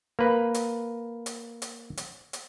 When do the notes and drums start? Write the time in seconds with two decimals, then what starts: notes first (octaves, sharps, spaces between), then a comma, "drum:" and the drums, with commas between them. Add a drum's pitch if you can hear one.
0.19 A#3 B4
0.54 drum: hi-hat
1.26 drum: hi-hat
1.62 drum: hi-hat
1.97 drum: hi-hat
2.33 drum: hi-hat